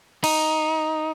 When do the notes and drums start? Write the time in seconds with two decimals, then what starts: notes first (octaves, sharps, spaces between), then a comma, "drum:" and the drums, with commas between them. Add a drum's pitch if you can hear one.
0.24 D#4, drum: cymbal